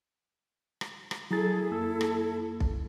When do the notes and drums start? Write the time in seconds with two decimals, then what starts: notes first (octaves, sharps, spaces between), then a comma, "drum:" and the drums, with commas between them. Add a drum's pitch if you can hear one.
0.81 drum: rim click
1.11 drum: rim click
1.31 F#3 E4 G#4 A4 A#5 A6
1.71 F#2 A#3 A4 E6
2.01 drum: rim click
2.60 drum: kick B1